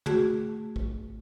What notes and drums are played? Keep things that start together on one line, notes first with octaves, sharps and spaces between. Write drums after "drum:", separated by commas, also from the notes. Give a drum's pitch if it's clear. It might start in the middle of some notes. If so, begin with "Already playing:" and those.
A3 F#4 G#4, drum: tom
drum: kick A1